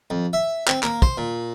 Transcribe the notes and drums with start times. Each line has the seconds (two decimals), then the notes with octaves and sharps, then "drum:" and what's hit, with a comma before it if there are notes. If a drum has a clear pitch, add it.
0.10 F2
0.33 E5
0.68 C4, drum: clap
0.83 A#3, drum: clap
1.02 C5, drum: kick
1.18 A#2